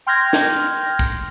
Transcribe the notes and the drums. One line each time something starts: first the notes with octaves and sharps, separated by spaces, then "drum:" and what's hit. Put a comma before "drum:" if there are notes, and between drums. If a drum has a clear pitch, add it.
G5 C6 F6 G6 G#6 A#6
drum: snare
drum: kick